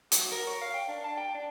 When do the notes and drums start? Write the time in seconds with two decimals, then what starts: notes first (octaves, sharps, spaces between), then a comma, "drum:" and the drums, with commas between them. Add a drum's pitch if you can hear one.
0.12 F#4, drum: hi-hat
0.32 A#4
0.47 C#5
0.62 F5
0.74 G5
0.88 D4
1.04 A5
1.17 G5
1.35 D4